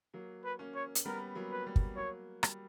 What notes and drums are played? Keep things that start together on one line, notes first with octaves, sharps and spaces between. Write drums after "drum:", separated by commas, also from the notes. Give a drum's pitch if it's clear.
F#3 A#3
B4
A#3 C#4
C#5
drum: hi-hat
G3 B3 A#4
F#3 A#3
B4
G3
drum: kick
F#3 A#3 C#5
G3, drum: rim click